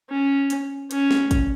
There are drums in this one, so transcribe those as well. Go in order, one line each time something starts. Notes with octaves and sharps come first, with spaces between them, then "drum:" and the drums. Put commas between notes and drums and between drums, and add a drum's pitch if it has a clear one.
C#4
drum: hi-hat
C#4, drum: hi-hat
drum: snare
drum: kick, hi-hat